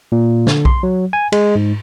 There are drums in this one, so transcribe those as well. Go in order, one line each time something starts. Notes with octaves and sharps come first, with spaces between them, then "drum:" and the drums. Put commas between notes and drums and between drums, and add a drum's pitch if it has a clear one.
A#2
D3, drum: snare
C6, drum: kick B1
F#3
G#5
G#3, drum: cymbal
G#2